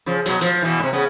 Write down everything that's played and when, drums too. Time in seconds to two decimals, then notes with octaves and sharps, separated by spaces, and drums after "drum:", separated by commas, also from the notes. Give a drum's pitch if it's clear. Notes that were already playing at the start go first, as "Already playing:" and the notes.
0.06 C#3 F3
0.26 B2 F#3, drum: hi-hat
0.41 F3, drum: hi-hat
0.62 B2 E3
0.79 A2 C3
0.93 C#3 B3